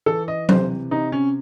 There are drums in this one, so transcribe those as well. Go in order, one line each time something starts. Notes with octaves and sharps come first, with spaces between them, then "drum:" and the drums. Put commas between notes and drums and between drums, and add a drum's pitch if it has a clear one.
E3 A4
D#5
C3 C5, drum: tom F#3
C3 D#4
C#4